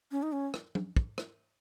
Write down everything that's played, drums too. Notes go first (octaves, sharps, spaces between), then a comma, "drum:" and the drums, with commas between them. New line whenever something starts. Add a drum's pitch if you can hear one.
C#4
D#4
C#4
drum: rim click
drum: tom
drum: kick
drum: rim click